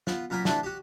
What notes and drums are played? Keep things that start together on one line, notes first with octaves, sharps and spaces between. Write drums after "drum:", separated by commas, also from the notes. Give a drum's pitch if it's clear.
B3 F4, drum: snare
F#2 A#2 A#4 G#5 B5
A3 D4 E4 F#4 A4 C5, drum: snare
F#4 G4